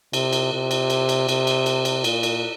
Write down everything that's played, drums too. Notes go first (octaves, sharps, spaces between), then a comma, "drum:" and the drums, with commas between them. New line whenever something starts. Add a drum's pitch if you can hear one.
C3, drum: cymbal
drum: cymbal
C3
drum: cymbal
drum: cymbal
drum: cymbal
C3, drum: cymbal
drum: cymbal
drum: cymbal
drum: cymbal
A#2, drum: cymbal
drum: cymbal